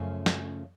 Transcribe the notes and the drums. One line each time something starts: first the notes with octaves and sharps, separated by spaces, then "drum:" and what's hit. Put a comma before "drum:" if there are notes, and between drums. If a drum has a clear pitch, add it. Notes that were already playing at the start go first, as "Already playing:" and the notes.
Already playing: F#2 C#3 F3 A3 C#4
drum: snare